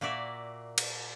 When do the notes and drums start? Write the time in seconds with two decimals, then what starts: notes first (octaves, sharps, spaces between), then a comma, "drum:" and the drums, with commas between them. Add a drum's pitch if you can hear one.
0.01 A#2 A#3 F#4 D5 E5
0.78 drum: cymbal